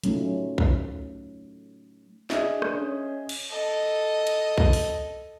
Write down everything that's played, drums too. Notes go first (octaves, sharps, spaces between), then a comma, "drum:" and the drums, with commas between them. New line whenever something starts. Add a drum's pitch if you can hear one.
F#3 A3 C#4 D#4 F4, drum: hi-hat
drum: kick
D4 G#4 D#5 E5, drum: snare
drum: rim click
C#4
drum: cymbal
A4 D#5
drum: cymbal
drum: kick
drum: open hi-hat